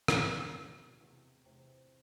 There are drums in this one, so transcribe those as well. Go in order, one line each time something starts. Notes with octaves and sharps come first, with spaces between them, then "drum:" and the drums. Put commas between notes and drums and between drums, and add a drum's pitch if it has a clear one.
E2 B2 F#3 B3, drum: rim click
E2 B2 F#3
E2 C3 E3
E2 C3 E3 C4